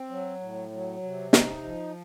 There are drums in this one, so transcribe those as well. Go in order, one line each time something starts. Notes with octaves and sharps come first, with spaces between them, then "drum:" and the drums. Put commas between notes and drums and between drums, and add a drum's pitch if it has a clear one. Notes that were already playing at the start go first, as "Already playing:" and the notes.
Already playing: C4
F#3
A2
F#3
C3
D#4, drum: snare
F3